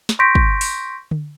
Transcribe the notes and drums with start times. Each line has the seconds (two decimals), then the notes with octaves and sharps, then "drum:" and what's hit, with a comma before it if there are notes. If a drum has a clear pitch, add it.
0.09 drum: snare
0.19 C6 C#6 G6 A#6 B6 D7
0.35 drum: kick
0.61 drum: open hi-hat
1.11 drum: tom D3